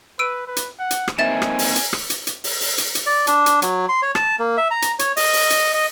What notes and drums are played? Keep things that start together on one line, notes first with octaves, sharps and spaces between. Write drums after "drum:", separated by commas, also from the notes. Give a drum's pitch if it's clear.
B4 E6 D7 D#7
B4
drum: hi-hat
F#5
drum: hi-hat
drum: rim click
A#3 C4 D#4 E5 G#5 A6 E7
drum: rim click
drum: open hi-hat
drum: hi-hat
drum: rim click
drum: hi-hat
drum: hi-hat
drum: open hi-hat
drum: open hi-hat
drum: hi-hat
drum: hi-hat
D5
D4, drum: hi-hat
drum: hi-hat
F#3, drum: hi-hat
C6
C#5
A5, drum: rim click
A#3
E5
A#5
drum: hi-hat
C#5, drum: hi-hat
D#5, drum: open hi-hat
drum: open hi-hat
drum: hi-hat
D#5